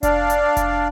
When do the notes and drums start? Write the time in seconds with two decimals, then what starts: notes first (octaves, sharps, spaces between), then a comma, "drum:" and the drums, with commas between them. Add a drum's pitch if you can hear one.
0.03 D4 D5 F5, drum: kick F1, hi-hat
0.30 drum: hi-hat
0.57 drum: kick F1, hi-hat